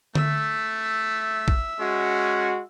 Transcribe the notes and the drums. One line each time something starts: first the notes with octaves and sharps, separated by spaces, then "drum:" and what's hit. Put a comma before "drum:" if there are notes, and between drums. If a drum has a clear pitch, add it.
A3 E5, drum: tom D3
drum: kick
G#3 C#4 F#4